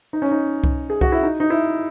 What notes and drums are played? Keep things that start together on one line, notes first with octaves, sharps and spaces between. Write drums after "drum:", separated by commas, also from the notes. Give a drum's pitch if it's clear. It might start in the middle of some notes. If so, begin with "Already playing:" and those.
D#4
C#4
D#4
drum: kick C2
G#4
F#4, drum: kick C2
E4
D#4
D#4
E4